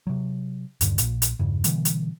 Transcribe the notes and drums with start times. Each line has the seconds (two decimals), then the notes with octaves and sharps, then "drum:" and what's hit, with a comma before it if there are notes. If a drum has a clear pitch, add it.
0.07 C3 F#3
0.81 D#1 G2 D3, drum: hi-hat
0.98 A#1 A#2, drum: hi-hat
1.22 drum: hi-hat
1.39 E2 G2 C#3
1.64 B2 D3 E3 G3, drum: hi-hat
1.85 drum: hi-hat